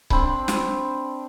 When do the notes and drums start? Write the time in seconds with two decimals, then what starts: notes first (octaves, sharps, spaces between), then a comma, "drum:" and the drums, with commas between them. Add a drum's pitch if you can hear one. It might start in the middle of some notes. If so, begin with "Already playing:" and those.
0.10 C4 D4 B5, drum: kick C#1
0.48 drum: snare